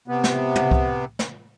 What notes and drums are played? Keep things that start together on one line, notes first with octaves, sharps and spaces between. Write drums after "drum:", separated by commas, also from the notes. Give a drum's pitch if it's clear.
C3 B3
drum: snare
drum: tom
drum: kick C2
drum: snare